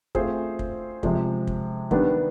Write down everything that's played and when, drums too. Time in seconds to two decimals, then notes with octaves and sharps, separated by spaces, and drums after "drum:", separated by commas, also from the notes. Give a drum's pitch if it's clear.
0.15 A3 C4 F4 G#4 C5, drum: kick
0.59 drum: kick
1.03 C3 F3 G#3, drum: kick
1.47 drum: kick
1.91 D#3 G3 B3 D4, drum: kick